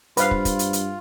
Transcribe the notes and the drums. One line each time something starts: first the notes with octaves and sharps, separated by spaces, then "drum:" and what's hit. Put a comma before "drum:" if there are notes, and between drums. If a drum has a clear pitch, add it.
G2 F4 B4 C5 F5 B5, drum: hi-hat
drum: kick
drum: kick, hi-hat
drum: hi-hat
drum: hi-hat